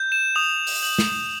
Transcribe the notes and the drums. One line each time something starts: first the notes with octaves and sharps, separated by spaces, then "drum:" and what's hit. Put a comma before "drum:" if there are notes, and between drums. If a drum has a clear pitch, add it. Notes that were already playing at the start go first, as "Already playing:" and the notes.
Already playing: G6
E7
D#6 F7
drum: open hi-hat
G6 F#7
drum: snare